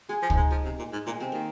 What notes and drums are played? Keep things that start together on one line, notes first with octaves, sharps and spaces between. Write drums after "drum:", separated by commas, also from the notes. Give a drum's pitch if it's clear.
G#3 G#4
F3
D#4, drum: kick
G#3
F3 G#3
C3
A#2
G#2
A#2 G#3
C3 C4
D#3 A#3